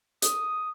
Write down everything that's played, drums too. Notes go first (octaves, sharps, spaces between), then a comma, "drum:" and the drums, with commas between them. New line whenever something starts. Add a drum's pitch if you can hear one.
D#6, drum: hi-hat